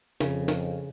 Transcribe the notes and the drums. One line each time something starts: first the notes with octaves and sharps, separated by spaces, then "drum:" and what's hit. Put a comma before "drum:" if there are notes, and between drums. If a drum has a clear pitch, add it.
F2 C#3, drum: snare
drum: snare